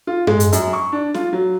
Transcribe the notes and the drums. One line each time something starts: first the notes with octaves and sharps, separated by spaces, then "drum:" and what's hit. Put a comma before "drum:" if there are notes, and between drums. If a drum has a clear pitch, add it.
F4
G#3, drum: tom G2
drum: hi-hat
F#2, drum: hi-hat
C#6
D4
F4, drum: snare C#4
F#3